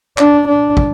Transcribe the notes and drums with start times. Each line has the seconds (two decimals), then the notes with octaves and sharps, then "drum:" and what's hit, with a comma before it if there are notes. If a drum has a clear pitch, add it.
0.18 D4, drum: clap
0.48 D4
0.77 drum: kick